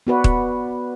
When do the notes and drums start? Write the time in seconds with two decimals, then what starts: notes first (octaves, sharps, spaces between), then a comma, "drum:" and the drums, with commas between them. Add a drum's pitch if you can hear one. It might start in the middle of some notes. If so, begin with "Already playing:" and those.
0.07 B3 F#4 B4 D5
0.24 drum: kick